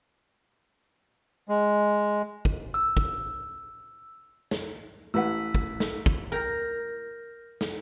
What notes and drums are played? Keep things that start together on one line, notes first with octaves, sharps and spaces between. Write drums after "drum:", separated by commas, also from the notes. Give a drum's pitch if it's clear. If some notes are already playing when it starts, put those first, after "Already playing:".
G#3
drum: kick
E6
drum: kick
drum: snare
A1 B4 F#5 E6 B6
drum: kick
drum: snare
drum: kick
A#4 F6 G6 A#6
drum: snare